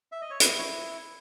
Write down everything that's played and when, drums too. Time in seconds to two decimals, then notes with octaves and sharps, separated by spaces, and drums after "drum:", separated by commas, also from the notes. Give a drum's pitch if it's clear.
0.12 E5
0.21 D#5
0.30 C#5
0.40 E4 B4, drum: hi-hat
0.58 C#5